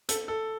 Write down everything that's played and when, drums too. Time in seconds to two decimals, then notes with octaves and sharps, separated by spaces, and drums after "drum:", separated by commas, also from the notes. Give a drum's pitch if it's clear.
0.09 A4, drum: hi-hat
0.28 A4